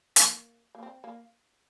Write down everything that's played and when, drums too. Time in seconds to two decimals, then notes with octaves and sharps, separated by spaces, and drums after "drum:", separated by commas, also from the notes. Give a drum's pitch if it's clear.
0.16 A#3, drum: hi-hat
0.75 A#3
0.83 C4
1.04 A#3